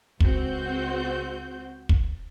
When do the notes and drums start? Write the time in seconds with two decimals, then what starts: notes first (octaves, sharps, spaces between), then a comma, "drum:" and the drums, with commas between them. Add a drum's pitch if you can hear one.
0.20 C#2 C4 F#4 G6, drum: kick
1.89 drum: kick